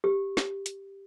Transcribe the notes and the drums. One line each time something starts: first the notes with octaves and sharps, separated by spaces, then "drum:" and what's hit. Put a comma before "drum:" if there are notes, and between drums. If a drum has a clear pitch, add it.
G4
drum: snare
drum: hi-hat